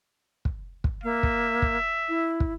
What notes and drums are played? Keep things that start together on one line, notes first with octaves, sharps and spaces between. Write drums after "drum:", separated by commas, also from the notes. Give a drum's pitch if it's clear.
drum: kick
drum: kick
A#3 E5
drum: kick
drum: kick
E4
drum: kick